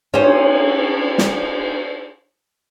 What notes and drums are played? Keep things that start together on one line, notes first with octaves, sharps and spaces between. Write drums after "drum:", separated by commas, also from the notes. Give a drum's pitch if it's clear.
C#4 C5, drum: cymbal
drum: snare